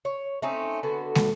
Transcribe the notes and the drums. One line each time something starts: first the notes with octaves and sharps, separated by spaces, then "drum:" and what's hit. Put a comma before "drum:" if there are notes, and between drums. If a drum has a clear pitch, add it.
C#5
A3 C4 C#4 D#4
D3 B3 F#4
drum: snare